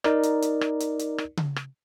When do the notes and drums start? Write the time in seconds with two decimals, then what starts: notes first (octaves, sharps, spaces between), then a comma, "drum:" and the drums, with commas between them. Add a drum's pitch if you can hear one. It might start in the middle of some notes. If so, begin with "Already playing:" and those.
0.04 D#4 A#4 D5, drum: rim click
0.23 drum: hi-hat
0.42 drum: hi-hat
0.61 drum: rim click
0.80 drum: hi-hat
0.99 drum: hi-hat
1.18 drum: rim click
1.37 drum: tom C#3
1.56 drum: rim click